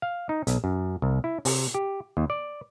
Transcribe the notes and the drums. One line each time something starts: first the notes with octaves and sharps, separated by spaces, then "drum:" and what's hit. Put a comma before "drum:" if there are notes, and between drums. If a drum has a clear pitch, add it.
F5
D#4
B1, drum: hi-hat
F#2
C2
E4
C3, drum: open hi-hat
G4
D#2
D5